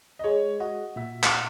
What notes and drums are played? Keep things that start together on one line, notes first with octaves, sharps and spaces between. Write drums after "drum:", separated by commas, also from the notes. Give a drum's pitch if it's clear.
D#5
G#3 C#5
F#4 D#5
A#2 E5
E5, drum: clap
F#5